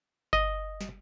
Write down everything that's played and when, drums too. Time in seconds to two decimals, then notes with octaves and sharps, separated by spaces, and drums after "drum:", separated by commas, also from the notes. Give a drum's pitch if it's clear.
0.33 D#5, drum: kick G1
0.81 drum: snare